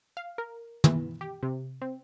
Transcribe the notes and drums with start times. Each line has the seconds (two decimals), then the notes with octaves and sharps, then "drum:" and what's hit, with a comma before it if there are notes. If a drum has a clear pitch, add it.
0.17 F5
0.38 A#4
0.84 E3, drum: tom
1.21 G4
1.43 C3
1.82 C4